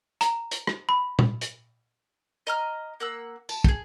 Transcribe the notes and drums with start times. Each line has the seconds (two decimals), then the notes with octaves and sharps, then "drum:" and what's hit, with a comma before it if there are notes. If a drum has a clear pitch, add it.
0.21 A#5, drum: hi-hat
0.51 drum: hi-hat
0.67 drum: rim click
0.89 B5
1.19 drum: tom A#2
1.41 drum: hi-hat
2.47 D#5 A#5 F6
3.00 A#3 F#5 E6
3.49 A5, drum: tambourine
3.64 G4 G#4, drum: kick